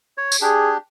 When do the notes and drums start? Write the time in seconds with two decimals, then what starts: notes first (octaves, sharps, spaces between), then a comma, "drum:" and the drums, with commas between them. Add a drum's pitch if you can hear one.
0.18 C#5
0.32 drum: tambourine
0.42 D4 G4 G#4